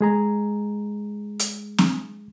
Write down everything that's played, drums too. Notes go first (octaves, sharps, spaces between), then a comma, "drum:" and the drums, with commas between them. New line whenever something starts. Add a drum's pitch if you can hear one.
G#3 G#4 A#5
drum: hi-hat
drum: snare C4